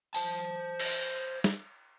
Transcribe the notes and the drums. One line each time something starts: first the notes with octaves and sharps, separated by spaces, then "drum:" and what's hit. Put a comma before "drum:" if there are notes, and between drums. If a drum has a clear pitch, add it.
C5 A5, drum: open hi-hat
drum: cymbal
drum: snare